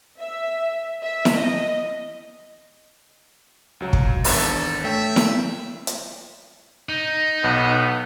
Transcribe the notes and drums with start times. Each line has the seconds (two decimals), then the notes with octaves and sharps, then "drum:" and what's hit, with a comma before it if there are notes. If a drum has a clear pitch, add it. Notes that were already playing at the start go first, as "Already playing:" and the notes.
0.19 E5
1.03 E5
1.25 drum: snare E4
1.34 D#5
3.80 C#2 F#3
3.93 drum: kick
4.24 G#1 E2 D4 A4, drum: open hi-hat
4.84 A3 C#5 E5 G5
5.16 drum: snare E4
5.87 drum: hi-hat
6.89 D#4
7.44 B1 B3